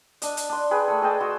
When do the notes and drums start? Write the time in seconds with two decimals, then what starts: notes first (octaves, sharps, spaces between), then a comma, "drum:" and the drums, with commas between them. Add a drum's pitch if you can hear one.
0.22 D4 D#5, drum: hi-hat
0.37 drum: hi-hat
0.49 D4 C6
0.71 G#4 B4 G5
0.88 A3 A4
1.02 G#4 D#5 G5 A5
1.20 F#4 C6 E6